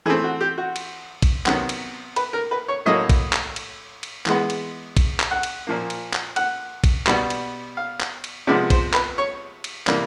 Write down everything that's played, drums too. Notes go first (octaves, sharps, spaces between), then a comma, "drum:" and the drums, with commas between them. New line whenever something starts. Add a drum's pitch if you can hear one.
E3 A3 C4 G#4
F#4
G4
F#4
drum: cymbal
drum: kick A#1, cymbal
C3 D#3 F#3 B3, drum: clap
drum: cymbal
B4, drum: cymbal
A#4
B4
C#5
A2 F#3 A#3 D#5
drum: kick A#1, cymbal
drum: clap
drum: cymbal
drum: cymbal
E3 G#3 B3, drum: clap
drum: cymbal
drum: kick A#1, cymbal
drum: clap
F#5
drum: cymbal
A#2 F3 A#3
drum: cymbal
drum: clap
F#5, drum: cymbal
drum: kick A#1, cymbal
B2 G3 B3, drum: clap
drum: cymbal
F5
drum: clap
drum: cymbal
C3 F3 G#3 B3 D5
C5, drum: kick A#1, cymbal
B4, drum: clap
C#5
drum: cymbal
C3 E3 G3 A#3 D5, drum: clap